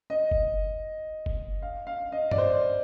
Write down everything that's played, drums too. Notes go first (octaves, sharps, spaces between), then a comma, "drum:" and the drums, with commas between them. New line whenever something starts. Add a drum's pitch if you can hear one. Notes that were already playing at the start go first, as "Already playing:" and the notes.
D#5
drum: kick F#1
drum: kick F#1
F5
F5
D#5
D5, drum: tom G2
C5